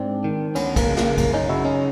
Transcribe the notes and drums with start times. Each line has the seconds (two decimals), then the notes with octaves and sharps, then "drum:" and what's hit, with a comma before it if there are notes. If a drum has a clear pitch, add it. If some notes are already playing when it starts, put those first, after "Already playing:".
Already playing: G#2 C4 D4
0.24 D#3
0.55 D2 B3 C#4, drum: cymbal
0.76 A#3, drum: kick, cymbal
0.87 C#3
0.97 A#3, drum: snare
1.18 F#2 A#3, drum: kick, cymbal
1.33 C#4 D#4
1.49 C#3 E4 F#4
1.65 C#4 D#4